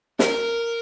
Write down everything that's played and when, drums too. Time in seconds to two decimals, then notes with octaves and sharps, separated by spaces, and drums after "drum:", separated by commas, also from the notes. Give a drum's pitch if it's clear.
0.19 A#4, drum: snare